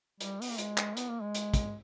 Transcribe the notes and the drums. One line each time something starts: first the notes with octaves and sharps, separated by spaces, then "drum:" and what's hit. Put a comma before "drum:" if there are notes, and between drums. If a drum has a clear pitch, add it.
G3, drum: hi-hat
B3, drum: open hi-hat
A#3
G#3, drum: hi-hat
drum: clap
B3, drum: hi-hat
A#3
G#3
drum: hi-hat
drum: kick, hi-hat